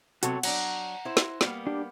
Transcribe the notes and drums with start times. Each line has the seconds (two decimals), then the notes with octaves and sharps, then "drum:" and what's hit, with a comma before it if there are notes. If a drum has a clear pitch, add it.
0.23 C3 F#3 B3 F#4 A4 C#5, drum: hi-hat
0.43 F#3 D4 F#5 A#5, drum: cymbal
1.05 E4 C5
1.17 drum: snare
1.41 G3 A#3 B3, drum: snare
1.67 D4 G4